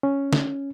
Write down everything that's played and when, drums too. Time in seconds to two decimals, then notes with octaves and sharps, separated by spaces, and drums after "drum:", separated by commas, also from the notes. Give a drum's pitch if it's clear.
0.03 C#4
0.33 drum: snare